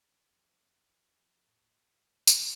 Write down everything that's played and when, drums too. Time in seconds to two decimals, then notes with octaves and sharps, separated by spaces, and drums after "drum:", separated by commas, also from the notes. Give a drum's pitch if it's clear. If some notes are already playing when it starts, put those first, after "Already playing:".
0.02 F2
0.30 F2
0.89 E2
0.99 F2
1.08 E2
1.17 F2
1.46 A2
1.61 A2
1.76 G#2
2.27 drum: tambourine